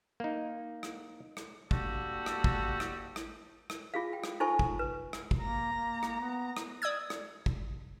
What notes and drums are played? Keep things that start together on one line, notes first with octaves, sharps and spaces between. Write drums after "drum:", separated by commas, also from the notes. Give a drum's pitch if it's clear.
A#3 D#4
drum: rim click
drum: rim click
G3 A#3 D4 F#4 G4 A4, drum: kick G#1
drum: rim click
drum: kick G#1
drum: rim click
drum: rim click
drum: rim click
F4 G#4 F5
G5
drum: rim click
D#4 F4 A4 C5 G#5 C#6
drum: kick G#1
B4
drum: rim click
drum: kick G#1
A#3 A#5
A#3
drum: rim click
B3
drum: rim click
D5 D#6 E6 G#6
drum: rim click
drum: kick G#1